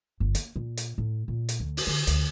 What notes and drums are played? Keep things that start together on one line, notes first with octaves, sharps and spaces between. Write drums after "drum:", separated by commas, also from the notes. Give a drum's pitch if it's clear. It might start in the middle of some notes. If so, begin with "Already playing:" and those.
G1
A#3, drum: hi-hat
A#2
drum: hi-hat
A2
A#2
drum: hi-hat
D2
drum: open hi-hat
D3
D2, drum: hi-hat